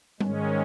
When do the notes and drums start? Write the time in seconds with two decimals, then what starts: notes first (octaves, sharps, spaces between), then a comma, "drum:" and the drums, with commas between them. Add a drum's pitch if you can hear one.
0.21 G#2 D#3 G#3 C#4, drum: tom G3